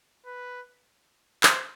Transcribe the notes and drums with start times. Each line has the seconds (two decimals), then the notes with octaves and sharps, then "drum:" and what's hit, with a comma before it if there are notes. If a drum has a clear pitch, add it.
0.26 B4
1.43 C5, drum: clap